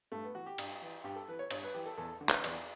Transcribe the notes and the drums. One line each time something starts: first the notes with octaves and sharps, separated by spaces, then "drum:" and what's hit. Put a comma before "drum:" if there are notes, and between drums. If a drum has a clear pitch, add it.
G2 A3
B3
E3 F#4
G4
G2, drum: cymbal
E3
G2 G4
A4
E3 B4
C#5
G2 C#5, drum: cymbal
B4
E3 G4
A4
E2 A4
D3
B4, drum: clap
E2 D5, drum: cymbal